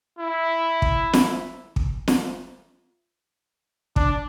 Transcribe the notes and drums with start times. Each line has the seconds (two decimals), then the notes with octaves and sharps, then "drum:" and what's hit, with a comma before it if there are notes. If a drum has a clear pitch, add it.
0.19 E4
0.82 drum: kick
1.13 drum: snare
1.76 drum: kick
2.08 drum: snare
3.96 D4, drum: kick